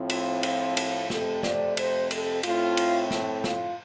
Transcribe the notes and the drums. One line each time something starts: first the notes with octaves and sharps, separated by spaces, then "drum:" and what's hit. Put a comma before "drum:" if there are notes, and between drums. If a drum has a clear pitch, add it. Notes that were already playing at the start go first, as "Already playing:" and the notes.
Already playing: A2 F3 C4
F4, drum: cymbal
F4, drum: cymbal
F4, drum: cymbal
F2 C3 A3 C4 A4, drum: snare
D5, drum: snare
C5, drum: cymbal
A4, drum: cymbal
A2 A3 C4 F4, drum: cymbal
drum: cymbal
drum: snare
F4, drum: snare